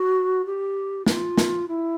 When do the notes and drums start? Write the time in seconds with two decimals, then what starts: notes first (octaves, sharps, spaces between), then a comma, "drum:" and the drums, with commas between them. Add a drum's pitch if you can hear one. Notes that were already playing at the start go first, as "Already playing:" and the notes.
Already playing: F#4
0.46 G4
1.06 F4, drum: snare
1.37 drum: snare
1.68 E4